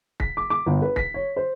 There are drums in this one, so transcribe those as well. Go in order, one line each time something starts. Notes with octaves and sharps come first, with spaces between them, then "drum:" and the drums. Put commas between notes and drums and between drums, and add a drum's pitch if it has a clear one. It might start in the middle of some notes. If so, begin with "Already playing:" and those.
B6, drum: kick C#1
D6
D6
G1
B4
B6, drum: kick C#1
C#5
C5